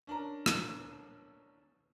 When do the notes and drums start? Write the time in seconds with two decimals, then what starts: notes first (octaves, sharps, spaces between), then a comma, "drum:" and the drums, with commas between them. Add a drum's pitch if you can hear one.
0.07 C#4 D4 A#4 A#5
0.46 drum: rim click